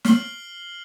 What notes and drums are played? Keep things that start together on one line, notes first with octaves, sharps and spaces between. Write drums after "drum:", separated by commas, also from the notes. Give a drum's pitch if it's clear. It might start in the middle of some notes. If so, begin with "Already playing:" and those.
F6 C7 F#7 G7, drum: snare